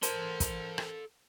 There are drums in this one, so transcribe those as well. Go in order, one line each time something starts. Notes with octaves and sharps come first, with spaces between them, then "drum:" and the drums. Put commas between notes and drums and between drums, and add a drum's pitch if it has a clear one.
A4 A#4 C5 A5 C6, drum: hi-hat
drum: kick, hi-hat
drum: rim click